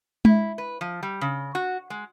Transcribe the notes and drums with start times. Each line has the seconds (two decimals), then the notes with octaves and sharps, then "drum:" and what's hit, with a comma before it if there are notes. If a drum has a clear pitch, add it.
0.25 E4, drum: tom G#3
0.58 B4
0.81 F3
1.03 G3
1.21 C#3
1.55 F#4
1.90 G#3